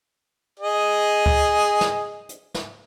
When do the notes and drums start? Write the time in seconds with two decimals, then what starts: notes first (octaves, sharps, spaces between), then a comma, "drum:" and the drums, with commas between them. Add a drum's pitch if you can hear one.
0.60 G#4 D#5
1.26 drum: kick C#2
1.81 drum: snare
2.29 drum: hi-hat
2.54 drum: snare